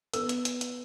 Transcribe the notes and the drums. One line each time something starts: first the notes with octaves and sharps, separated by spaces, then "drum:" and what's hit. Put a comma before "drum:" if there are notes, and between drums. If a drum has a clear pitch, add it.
B3 E6, drum: hi-hat
drum: hi-hat
drum: hi-hat
drum: hi-hat